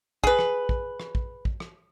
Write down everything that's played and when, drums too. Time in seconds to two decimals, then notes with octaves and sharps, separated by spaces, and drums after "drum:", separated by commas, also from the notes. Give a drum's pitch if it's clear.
0.24 G#4 B4, drum: kick
0.39 drum: rim click
0.69 drum: kick
1.00 drum: rim click
1.15 drum: kick
1.45 drum: kick
1.60 drum: rim click